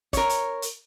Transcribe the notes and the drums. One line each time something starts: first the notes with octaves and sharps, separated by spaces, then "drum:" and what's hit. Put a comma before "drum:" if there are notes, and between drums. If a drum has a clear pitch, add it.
A#4 C#5, drum: kick, hi-hat
drum: hi-hat
drum: hi-hat